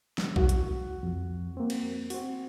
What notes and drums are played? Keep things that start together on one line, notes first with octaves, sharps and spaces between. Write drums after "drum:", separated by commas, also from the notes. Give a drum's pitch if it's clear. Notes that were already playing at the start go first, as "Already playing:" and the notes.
drum: snare
F#4, drum: kick B1
drum: hi-hat
F2
A#3 C4
drum: cymbal
C4 F#4, drum: open hi-hat